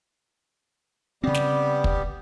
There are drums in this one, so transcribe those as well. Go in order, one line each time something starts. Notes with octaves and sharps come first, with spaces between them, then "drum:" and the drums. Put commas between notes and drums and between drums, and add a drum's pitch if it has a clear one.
C#3 G3 B3 C4 G4
drum: snare
drum: kick